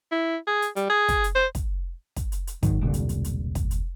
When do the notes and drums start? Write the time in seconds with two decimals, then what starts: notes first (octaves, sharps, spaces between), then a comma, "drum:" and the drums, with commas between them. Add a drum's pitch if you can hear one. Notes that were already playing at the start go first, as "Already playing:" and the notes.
0.12 E4
0.47 G#4
0.62 drum: hi-hat
0.76 G3, drum: hi-hat
0.90 G#4
1.08 drum: kick, hi-hat
1.24 drum: hi-hat
1.35 C5
1.55 drum: kick, hi-hat
2.16 drum: kick, hi-hat
2.32 drum: hi-hat
2.47 drum: hi-hat
2.63 G#2 D#3 F#3, drum: kick, hi-hat
2.81 E1 C2 A#2 D3
2.94 drum: hi-hat
3.09 drum: hi-hat
3.24 drum: hi-hat
3.55 drum: kick, hi-hat
3.71 drum: hi-hat